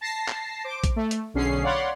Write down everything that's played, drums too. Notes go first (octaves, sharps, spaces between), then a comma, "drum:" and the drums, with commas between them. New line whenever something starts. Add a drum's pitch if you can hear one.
A5 A#6 C7
drum: clap
C5 D6 D7
drum: kick A#1, hi-hat
A3
drum: hi-hat
B1 D3 C#4 G#4 C7
C#5 D5 F5 F#5 B5 C6